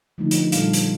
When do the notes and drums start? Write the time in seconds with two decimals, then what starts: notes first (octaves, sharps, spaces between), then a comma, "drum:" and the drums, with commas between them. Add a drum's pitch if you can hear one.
0.18 D3 D#3 F3 G#3 A3 D#4
0.31 drum: hi-hat
0.52 A#2 G3 B3 F4 A4 F5, drum: hi-hat
0.73 drum: hi-hat